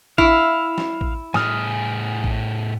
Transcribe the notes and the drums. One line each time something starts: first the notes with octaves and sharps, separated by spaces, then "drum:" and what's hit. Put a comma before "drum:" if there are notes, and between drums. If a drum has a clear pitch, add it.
E4 F5, drum: kick A1
drum: snare
drum: kick A1
A2 G#4 G#5 D#6 F6, drum: snare
drum: kick A1